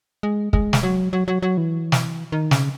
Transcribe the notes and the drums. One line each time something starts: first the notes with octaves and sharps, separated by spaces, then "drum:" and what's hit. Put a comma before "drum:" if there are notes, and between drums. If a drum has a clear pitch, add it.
G#3
G#3, drum: kick
drum: snare
F#3
F#3
F#3
F#3
E3
drum: snare
D#3
C#3, drum: snare